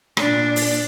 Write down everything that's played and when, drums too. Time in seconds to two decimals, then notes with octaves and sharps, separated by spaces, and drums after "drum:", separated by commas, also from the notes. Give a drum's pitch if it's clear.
0.17 A#2 D4, drum: rim click
0.56 drum: open hi-hat